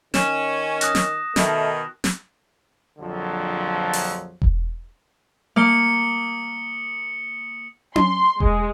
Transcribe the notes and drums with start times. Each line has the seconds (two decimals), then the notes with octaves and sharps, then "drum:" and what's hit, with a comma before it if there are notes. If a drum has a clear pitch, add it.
0.14 D#3 C#4 E7, drum: snare
0.81 D#6 F#6 A#6, drum: hi-hat
0.95 drum: snare
1.36 B2 D#3 A3, drum: snare
2.04 drum: snare
2.99 A#1 F2 D3 F3 F#3
3.93 drum: open hi-hat
4.42 drum: kick E1
5.56 A#3 D#6 C#7 G7
7.96 C6, drum: tom C#4
8.40 G#3, drum: kick E1